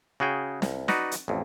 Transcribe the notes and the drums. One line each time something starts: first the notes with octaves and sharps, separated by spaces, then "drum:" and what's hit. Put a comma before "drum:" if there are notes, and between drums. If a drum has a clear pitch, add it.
C#3 F#4 G#4 G5
C2, drum: snare
D#4 F#4 B4 D5, drum: snare
drum: hi-hat
A1 F2